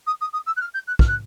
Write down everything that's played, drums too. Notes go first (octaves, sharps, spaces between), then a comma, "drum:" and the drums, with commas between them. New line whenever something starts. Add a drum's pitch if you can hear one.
D#6
D#6
D#6
E6
F#6
F6
G6
F#6
F6, drum: kick
F#6